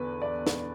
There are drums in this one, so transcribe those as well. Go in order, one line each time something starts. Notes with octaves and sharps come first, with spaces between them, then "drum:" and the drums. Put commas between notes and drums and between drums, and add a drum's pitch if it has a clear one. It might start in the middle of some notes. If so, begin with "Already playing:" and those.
Already playing: E2 D3 B4
D5
drum: snare